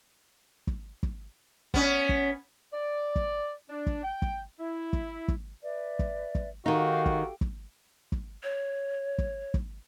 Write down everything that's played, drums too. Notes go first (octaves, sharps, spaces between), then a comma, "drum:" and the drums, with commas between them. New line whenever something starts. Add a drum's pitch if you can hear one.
drum: kick
drum: kick
B3 C#4, drum: kick
drum: kick
D5
drum: kick
D4
drum: kick
G5
drum: kick
E4
drum: kick
drum: kick
B4 D5 E5
drum: kick
drum: kick
D#3 D#4 F#4 G4 A4 F5 G5
drum: kick
drum: kick
drum: kick
C#5
drum: kick
drum: kick